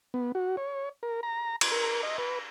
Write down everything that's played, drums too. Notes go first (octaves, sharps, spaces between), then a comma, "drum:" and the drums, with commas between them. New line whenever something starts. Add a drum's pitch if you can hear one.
B3
F#4
C#5
A#4
A#5
drum: cymbal
A#4
D#5
B4